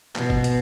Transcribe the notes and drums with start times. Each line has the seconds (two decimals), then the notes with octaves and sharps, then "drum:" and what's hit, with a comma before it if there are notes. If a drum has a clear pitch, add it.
0.16 B2, drum: clap
0.30 drum: kick G1
0.44 drum: hi-hat